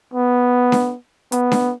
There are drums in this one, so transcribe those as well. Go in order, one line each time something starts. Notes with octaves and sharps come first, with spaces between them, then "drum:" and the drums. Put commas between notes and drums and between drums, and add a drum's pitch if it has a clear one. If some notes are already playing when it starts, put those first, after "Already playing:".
B3
drum: snare D4
B3, drum: hi-hat
drum: snare D4